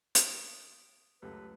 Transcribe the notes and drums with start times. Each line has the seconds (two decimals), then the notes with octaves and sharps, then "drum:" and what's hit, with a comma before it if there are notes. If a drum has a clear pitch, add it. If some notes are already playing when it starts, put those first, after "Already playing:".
0.15 D#6 D7, drum: hi-hat
1.22 C#2 F#2 A3 G4 A4 B4